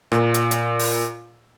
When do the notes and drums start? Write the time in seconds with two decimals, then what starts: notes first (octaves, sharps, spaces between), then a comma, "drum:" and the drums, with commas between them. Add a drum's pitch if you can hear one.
0.12 A#2, drum: rim click
0.34 drum: hi-hat
0.51 drum: hi-hat
0.79 drum: open hi-hat